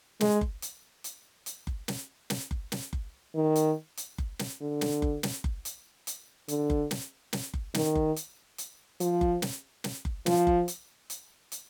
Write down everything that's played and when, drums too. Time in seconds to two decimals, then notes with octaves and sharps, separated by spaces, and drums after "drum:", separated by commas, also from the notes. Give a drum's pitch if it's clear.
0.21 G#3, drum: snare
0.41 drum: kick F#1
0.62 drum: hi-hat
1.04 drum: hi-hat
1.46 drum: hi-hat
1.67 drum: kick F#1
1.88 drum: snare
2.30 drum: snare
2.51 drum: kick F#1
2.72 drum: snare
2.93 drum: kick F#1
3.35 D#3
3.56 drum: hi-hat
3.97 drum: hi-hat
4.18 drum: kick F#1
4.39 drum: snare
4.61 D3
4.81 drum: snare
5.02 drum: kick F#1
5.23 drum: snare
5.44 drum: kick F#1
5.65 drum: hi-hat
6.07 drum: hi-hat
6.48 D3, drum: hi-hat
6.70 drum: kick F#1
6.91 drum: snare
7.33 drum: snare
7.54 drum: kick F#1
7.74 D#3, drum: snare
7.95 drum: kick F#1
8.16 drum: hi-hat
8.58 drum: hi-hat
9.00 F3, drum: hi-hat
9.21 drum: kick F#1
9.42 drum: snare
9.84 drum: snare
10.05 drum: kick F#1
10.26 F3, drum: snare
10.47 drum: kick F#1
10.68 drum: hi-hat
11.10 drum: hi-hat
11.52 drum: hi-hat